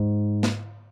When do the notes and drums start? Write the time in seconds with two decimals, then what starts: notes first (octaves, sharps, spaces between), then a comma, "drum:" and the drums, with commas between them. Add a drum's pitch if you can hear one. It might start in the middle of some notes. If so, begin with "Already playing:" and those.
Already playing: G#2
0.43 drum: snare